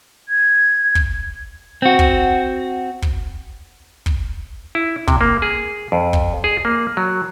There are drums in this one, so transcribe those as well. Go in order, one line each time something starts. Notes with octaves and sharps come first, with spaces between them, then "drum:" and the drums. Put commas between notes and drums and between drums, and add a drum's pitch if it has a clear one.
G#6
drum: kick
C4 F#4
drum: kick
drum: kick
drum: kick
E4
C3, drum: kick
A#3
G#4
F2
drum: kick
G#4
A#3
F#3